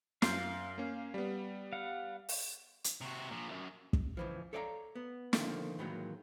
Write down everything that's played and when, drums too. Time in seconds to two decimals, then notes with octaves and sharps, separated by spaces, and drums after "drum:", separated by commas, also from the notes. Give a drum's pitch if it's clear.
0.22 F#2 F5 C6 G6, drum: snare
0.78 A#3 C#4
1.14 G3 B3
1.73 F5 F#5
2.29 drum: open hi-hat
2.84 drum: hi-hat
3.01 C3 F#4
3.31 A#2 F3
3.48 B1 F#2
3.93 drum: kick
4.17 C#2 E3 F3
4.53 A4 C#5 D5 F5 F#5 A#5
4.96 B3
5.33 D3 D#3 F3 A3 A#3 C4, drum: snare
5.78 A2 D#3 E3 F#3 G#3 A#3